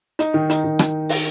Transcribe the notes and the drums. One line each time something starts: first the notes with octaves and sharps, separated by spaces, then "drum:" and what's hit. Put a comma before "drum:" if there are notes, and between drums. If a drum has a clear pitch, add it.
D#4, drum: hi-hat
D#3
D#4, drum: hi-hat
D#3
drum: rim click
drum: open hi-hat